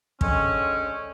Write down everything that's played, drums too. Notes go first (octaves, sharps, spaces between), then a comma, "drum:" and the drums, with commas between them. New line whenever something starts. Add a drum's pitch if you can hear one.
D3 G#3 C4 C#4, drum: kick